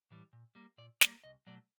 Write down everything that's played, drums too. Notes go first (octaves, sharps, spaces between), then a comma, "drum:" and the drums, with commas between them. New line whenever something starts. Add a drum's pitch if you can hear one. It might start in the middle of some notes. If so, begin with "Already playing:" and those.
A2 E3 G3
A#2
G3 A#3
A#2 D5
G3 A#3 D5, drum: snare
C2 D#5
B2 F#3 A3 D5